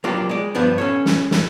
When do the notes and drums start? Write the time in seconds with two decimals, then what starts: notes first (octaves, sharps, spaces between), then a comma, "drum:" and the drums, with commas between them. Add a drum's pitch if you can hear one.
0.04 F#3 A#3 D4 F4 G4
0.29 G#3 D5
0.55 G2 F3 B3 D4
0.78 C#4 A4 C#5
1.06 drum: snare
1.31 drum: snare